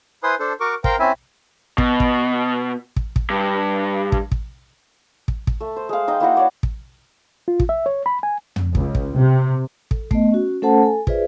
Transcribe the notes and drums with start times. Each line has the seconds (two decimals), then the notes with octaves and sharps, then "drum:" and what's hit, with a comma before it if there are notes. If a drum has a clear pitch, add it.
0.23 E4 B4 C5 G#5 C6 D#6
0.40 D4 A4 C5
0.60 F#4 A#4 C#6 D6
0.84 A#4 C5 F5 G5 A#5, drum: kick
0.99 C4 C#4 E4 E5 G#5
1.78 B2, drum: kick
2.00 drum: kick
2.96 drum: kick
3.16 drum: kick
3.30 G2
4.12 drum: kick
4.32 drum: kick
5.28 drum: kick
5.47 drum: kick
5.60 A3
5.76 C5
5.89 G#3 F5
6.08 D#4 D#5 G5
6.20 A#3 E4 F#4 F#5
6.37 C#5 D5
6.63 drum: kick
7.48 F4
7.60 drum: kick
7.69 E5
7.86 C#5
8.06 B5
8.23 G#5
8.56 drum: tom
8.75 C#2, drum: kick
8.95 drum: kick
9.16 C3
9.91 A4, drum: kick
10.11 A3 B3 D#5, drum: kick
10.32 C#4 F#4
10.62 A3 C#4 A4 C5 F#5 A5
10.83 A4 G#5
11.07 F4 G#4 B4 C5 D5 E5, drum: kick